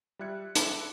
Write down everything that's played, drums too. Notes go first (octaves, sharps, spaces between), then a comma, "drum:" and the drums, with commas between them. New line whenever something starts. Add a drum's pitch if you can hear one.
G3 F4 E5 F#6 G#6 C#7
A4 E5 A5 B5 D6 F#6, drum: hi-hat